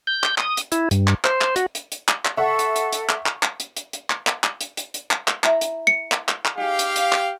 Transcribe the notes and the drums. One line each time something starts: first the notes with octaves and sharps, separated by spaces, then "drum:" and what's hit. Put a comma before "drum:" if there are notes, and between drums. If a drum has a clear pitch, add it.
G6
drum: clap
D#6, drum: clap
drum: hi-hat
E4, drum: hi-hat
G2, drum: hi-hat
drum: clap
C5, drum: clap
drum: clap
F#4, drum: hi-hat
drum: hi-hat
drum: hi-hat
drum: clap
drum: clap
A4 E5 F#5 C#6
drum: hi-hat
drum: hi-hat
drum: hi-hat
drum: clap
drum: clap
drum: clap
drum: hi-hat
drum: hi-hat
drum: hi-hat
drum: clap
drum: clap
drum: clap
drum: hi-hat
drum: hi-hat
drum: hi-hat
drum: clap
drum: clap
E4 E5 A#5, drum: clap
drum: hi-hat
C#7
drum: clap
drum: clap
drum: clap
D#4 G4 G#4 F5
drum: hi-hat
drum: hi-hat
drum: clap